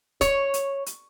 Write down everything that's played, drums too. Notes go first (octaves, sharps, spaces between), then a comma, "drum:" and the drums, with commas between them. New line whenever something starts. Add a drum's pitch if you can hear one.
C#5, drum: kick, hi-hat
drum: hi-hat
drum: hi-hat